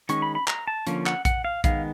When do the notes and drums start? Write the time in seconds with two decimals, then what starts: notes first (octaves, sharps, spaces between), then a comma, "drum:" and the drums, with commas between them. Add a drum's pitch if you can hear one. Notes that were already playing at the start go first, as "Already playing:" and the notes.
0.09 D#3 G#3 C#4 C#6, drum: hi-hat
0.22 B5
0.35 B5
0.48 A#5, drum: clap
0.67 A5
0.87 D3 F3 A#3 C#4, drum: hi-hat
1.06 F#5, drum: clap
1.25 F#5, drum: kick A#1, hi-hat
1.45 F5
1.64 D#3 G#3 B3 F5, drum: kick A#1, hi-hat